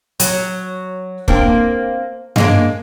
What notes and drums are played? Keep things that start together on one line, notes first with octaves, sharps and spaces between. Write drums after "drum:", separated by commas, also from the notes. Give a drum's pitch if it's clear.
F#3, drum: hi-hat
A#3 C4 D4, drum: kick
G#3 A#3 D4, drum: tom G2